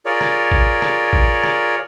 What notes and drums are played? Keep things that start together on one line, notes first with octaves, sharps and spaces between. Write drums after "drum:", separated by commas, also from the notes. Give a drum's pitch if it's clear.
F4 G#4 A#4 C#5 D5
drum: rim click
drum: kick A#1
drum: rim click
drum: kick A#1
drum: rim click